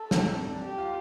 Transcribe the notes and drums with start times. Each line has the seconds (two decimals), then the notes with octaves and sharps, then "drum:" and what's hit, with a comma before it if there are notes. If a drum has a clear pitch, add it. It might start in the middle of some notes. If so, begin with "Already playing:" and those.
Already playing: A4
0.11 C4, drum: snare
0.23 C4
0.48 D4
0.62 G4
0.78 F4